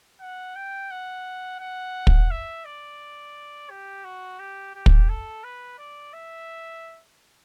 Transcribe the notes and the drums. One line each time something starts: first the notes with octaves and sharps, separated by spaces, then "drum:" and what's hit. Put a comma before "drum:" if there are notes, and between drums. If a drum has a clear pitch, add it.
F#5
G5
F#5
F#5
drum: kick
E5
D5
G4
F#4
G4
G4
drum: kick
A4
B4
D5
E5